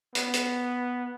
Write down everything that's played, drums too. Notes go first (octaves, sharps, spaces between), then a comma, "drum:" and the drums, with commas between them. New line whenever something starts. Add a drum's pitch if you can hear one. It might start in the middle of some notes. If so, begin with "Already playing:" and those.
B3, drum: hi-hat
drum: hi-hat